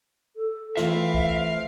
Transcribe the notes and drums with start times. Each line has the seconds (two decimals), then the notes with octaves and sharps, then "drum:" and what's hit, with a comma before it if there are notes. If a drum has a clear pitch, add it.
0.36 A4
0.77 E3 A3 C4 F4 E5 F5, drum: snare
1.14 drum: kick C2